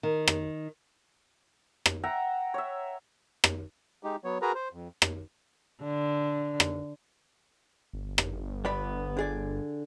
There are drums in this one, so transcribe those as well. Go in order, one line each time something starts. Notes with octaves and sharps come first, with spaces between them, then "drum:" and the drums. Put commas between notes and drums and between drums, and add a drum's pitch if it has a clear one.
D#3
drum: rim click
drum: rim click
E5 F#5 G5 A#5
C#5 E5
drum: rim click
G#3 D#4 G4
F#3 B3 C#5
F#4 G#4 A#4 B4 A#5
C5
F2
drum: rim click
D3
drum: rim click
G1
drum: rim click
B3 D5 B5
D3 G#4 D5